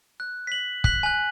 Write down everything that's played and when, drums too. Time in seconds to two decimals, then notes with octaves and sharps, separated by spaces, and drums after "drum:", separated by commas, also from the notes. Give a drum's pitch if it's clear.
0.20 F#6
0.47 B6 F#7
0.84 F#6 B6 F#7, drum: kick
1.03 G#5 F#6